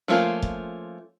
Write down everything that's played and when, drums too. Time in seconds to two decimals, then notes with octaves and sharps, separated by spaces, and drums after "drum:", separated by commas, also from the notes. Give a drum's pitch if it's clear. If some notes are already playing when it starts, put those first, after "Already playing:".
0.08 F3 A3 A#3 C#4 F4
0.42 drum: kick F1